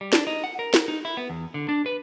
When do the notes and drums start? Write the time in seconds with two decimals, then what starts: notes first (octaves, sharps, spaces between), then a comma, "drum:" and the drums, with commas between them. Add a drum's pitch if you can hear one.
0.01 G3
0.13 D4, drum: snare
0.27 D#4
0.44 F#5
0.59 A#4
0.74 drum: snare
0.88 D#4
1.05 E4
1.17 B3
1.30 E2
1.54 D3
1.69 D4
1.86 B4